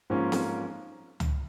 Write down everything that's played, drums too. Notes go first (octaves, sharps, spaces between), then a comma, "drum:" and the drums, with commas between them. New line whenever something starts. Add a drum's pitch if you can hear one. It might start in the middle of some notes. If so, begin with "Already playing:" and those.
G#2 F3 A#3 C#4 F4
drum: snare C4
drum: tom C#2